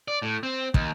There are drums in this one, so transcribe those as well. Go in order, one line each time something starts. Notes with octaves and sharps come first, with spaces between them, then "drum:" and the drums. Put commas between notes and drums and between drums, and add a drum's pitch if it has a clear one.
D5
A2
C4
D#2, drum: kick